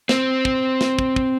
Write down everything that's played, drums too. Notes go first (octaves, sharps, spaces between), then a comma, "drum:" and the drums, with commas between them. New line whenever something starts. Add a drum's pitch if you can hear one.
C4, drum: snare
drum: kick
drum: snare
drum: kick
drum: kick